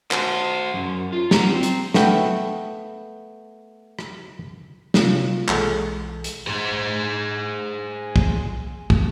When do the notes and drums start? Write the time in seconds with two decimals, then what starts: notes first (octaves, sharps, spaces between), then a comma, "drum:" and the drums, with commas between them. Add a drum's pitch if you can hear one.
0.11 F#4 C5, drum: clap
0.74 F#2
1.13 F4
1.31 B3 A#5, drum: snare
1.49 C4
1.63 drum: hi-hat
1.94 A3 B3 G5, drum: snare
3.99 drum: rim click
4.94 C3 A#3 F4, drum: snare
5.49 B1 E3 G#3 A4, drum: clap
6.24 drum: hi-hat
6.47 G#4 C5
8.16 drum: kick
8.90 drum: kick